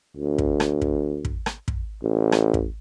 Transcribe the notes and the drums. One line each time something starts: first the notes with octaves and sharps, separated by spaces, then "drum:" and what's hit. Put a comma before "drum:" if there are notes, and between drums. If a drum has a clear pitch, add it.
D2
drum: kick
drum: rim click
drum: kick
drum: kick
drum: rim click
drum: kick
A1
drum: rim click
drum: kick